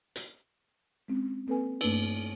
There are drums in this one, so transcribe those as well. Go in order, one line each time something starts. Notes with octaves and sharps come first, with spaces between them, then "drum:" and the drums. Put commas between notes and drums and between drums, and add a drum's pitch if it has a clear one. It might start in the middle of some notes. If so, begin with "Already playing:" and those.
drum: hi-hat
G#3 C4 C#4
A#3 C4 A4 B4 G#5
G2 A3 A#3 D4 B4 E6, drum: cymbal